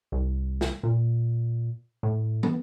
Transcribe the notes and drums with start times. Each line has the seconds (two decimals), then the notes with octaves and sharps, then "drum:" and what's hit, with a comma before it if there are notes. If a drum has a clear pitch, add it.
0.12 C2
0.61 drum: snare
0.83 A#2
2.03 A2
2.43 B3, drum: tom